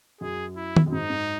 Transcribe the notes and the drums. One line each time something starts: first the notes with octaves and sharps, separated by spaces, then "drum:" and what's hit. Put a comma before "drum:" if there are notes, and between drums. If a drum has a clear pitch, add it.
F#2 G#4
E4
drum: tom
F#2
G#2 D#4
G#2